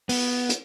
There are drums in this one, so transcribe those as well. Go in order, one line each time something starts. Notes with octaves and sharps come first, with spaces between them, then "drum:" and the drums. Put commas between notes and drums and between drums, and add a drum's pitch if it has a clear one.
B3, drum: open hi-hat
drum: hi-hat